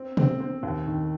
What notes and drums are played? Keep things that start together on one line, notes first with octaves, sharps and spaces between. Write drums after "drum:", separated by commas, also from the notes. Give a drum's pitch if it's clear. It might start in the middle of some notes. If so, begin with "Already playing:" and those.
Already playing: C4
C4, drum: tom B2
C4
D#2
D#3